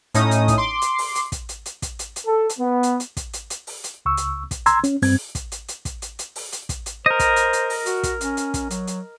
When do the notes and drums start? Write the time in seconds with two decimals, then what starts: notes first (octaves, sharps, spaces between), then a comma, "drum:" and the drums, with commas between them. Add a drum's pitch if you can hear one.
0.14 A2 C#4 D#4 D#6, drum: hi-hat
0.31 drum: hi-hat
0.48 drum: kick, hi-hat
0.58 C6 D6
0.82 drum: hi-hat
0.98 drum: open hi-hat
1.15 drum: hi-hat
1.32 drum: kick, hi-hat
1.49 drum: hi-hat
1.66 drum: hi-hat
1.82 drum: kick, hi-hat
1.99 drum: hi-hat
2.16 drum: hi-hat
2.26 A4
2.49 drum: hi-hat
2.59 B3
2.83 drum: hi-hat
3.00 drum: hi-hat
3.17 drum: kick, hi-hat
3.33 drum: hi-hat
3.50 drum: hi-hat
3.67 drum: open hi-hat
3.84 drum: hi-hat
4.06 C#2 C#6 E6
4.17 drum: hi-hat
4.51 drum: kick, hi-hat
4.66 A#5 C6 E6 G#6, drum: hi-hat
4.84 C#4, drum: hi-hat
5.02 G2 C4 G#6, drum: open hi-hat
5.35 drum: kick, hi-hat
5.52 drum: hi-hat
5.68 drum: hi-hat
5.85 drum: kick, hi-hat
6.02 drum: hi-hat
6.19 drum: hi-hat
6.36 drum: open hi-hat
6.52 drum: hi-hat
6.69 drum: kick, hi-hat
6.86 drum: hi-hat
7.06 A#4 C5 D#5
7.19 drum: kick, hi-hat
7.36 drum: hi-hat
7.53 drum: hi-hat
7.70 drum: open hi-hat
7.86 F#4, drum: hi-hat
8.03 drum: kick, hi-hat
8.21 C#4, drum: hi-hat
8.37 drum: hi-hat
8.54 drum: kick, hi-hat
8.70 F#3, drum: hi-hat
8.87 drum: hi-hat